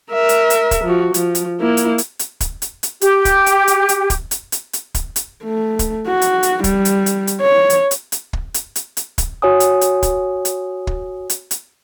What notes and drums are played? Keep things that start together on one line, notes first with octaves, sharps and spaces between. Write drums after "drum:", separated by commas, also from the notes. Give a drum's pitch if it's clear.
A#4 E5
drum: hi-hat
drum: hi-hat
drum: kick, hi-hat
F3 F#4
F3, drum: hi-hat
drum: hi-hat
A#3 E4
drum: hi-hat
drum: hi-hat
drum: hi-hat
drum: kick, hi-hat
drum: hi-hat
drum: hi-hat
G4, drum: hi-hat
drum: kick, hi-hat
drum: hi-hat
drum: hi-hat
drum: hi-hat
drum: kick, hi-hat
drum: hi-hat
drum: hi-hat
drum: hi-hat
drum: kick, hi-hat
drum: hi-hat
A3
drum: kick, hi-hat
F#4
drum: hi-hat
drum: hi-hat
G3, drum: kick, hi-hat
drum: hi-hat
drum: hi-hat
drum: hi-hat
C#5
drum: hi-hat
drum: hi-hat
drum: hi-hat
drum: kick
drum: hi-hat
drum: hi-hat
drum: hi-hat
drum: kick, hi-hat
F#4 C#5 G#5 D#6
drum: hi-hat
drum: hi-hat
drum: kick, hi-hat
drum: hi-hat
drum: kick
drum: hi-hat
drum: hi-hat